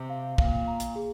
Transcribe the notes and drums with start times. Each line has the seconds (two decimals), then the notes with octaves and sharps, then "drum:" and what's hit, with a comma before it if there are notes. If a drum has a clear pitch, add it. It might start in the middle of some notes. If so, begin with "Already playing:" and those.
Already playing: C3
0.10 F5
0.38 A#2 F5, drum: kick
0.68 A#5
0.80 drum: hi-hat
0.96 G#4